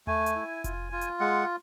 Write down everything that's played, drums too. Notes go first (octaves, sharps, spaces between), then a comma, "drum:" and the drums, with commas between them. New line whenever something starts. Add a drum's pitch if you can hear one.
A3 G#5, drum: tom D#2
drum: hi-hat
E4
F4, drum: kick F1, hi-hat
F4
drum: hi-hat
G#3 F#5